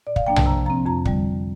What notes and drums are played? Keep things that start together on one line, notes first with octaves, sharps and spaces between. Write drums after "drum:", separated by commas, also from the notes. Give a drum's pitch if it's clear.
A#2 D5
F5, drum: kick
F3 A#3 D4 G5
A5, drum: tom B1
C3 A#5
F3 C4 A#5
F2 A#5
D3 G3, drum: kick